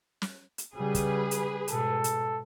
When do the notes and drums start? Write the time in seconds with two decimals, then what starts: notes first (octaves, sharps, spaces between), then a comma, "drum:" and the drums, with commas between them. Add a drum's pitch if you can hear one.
0.22 drum: snare
0.58 drum: hi-hat
0.75 C#3 G3 G#4 B4
0.95 drum: kick, hi-hat
1.31 drum: hi-hat
1.68 G#2 B2 A4, drum: hi-hat
2.04 drum: hi-hat